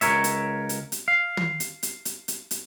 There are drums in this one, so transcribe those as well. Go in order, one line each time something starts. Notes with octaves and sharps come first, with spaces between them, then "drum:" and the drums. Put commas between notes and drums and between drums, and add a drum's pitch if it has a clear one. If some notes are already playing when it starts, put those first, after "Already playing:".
C#2 B2 A#4 C#5 E5, drum: hi-hat
drum: hi-hat
drum: hi-hat
drum: hi-hat
F5
drum: tom
drum: hi-hat
drum: hi-hat
drum: hi-hat
drum: hi-hat
drum: hi-hat